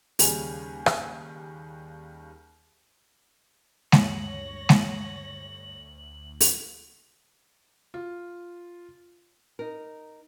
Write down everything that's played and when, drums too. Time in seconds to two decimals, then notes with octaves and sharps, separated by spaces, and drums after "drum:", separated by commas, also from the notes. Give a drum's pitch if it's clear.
0.19 D#2 C#3 G3 G#5, drum: open hi-hat
0.86 drum: rim click
3.92 D2 G2 C#5 A#6 F#7, drum: snare G#3
4.69 drum: snare G#3
6.41 drum: open hi-hat
7.94 F4
9.59 D#4 A#4